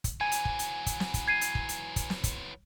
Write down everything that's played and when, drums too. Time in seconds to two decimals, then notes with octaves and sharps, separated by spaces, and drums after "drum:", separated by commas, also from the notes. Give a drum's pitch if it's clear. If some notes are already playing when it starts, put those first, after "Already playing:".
0.04 drum: kick, hi-hat
0.21 E3 F#3 G#5
0.32 drum: hi-hat
0.45 drum: kick
0.59 drum: hi-hat
0.86 drum: kick, hi-hat
1.00 drum: snare
1.14 drum: kick, hi-hat
1.28 G#6 C7 D#7
1.41 drum: hi-hat
1.55 drum: kick
1.69 drum: hi-hat
1.96 drum: kick, hi-hat
2.10 drum: snare
2.24 drum: kick, hi-hat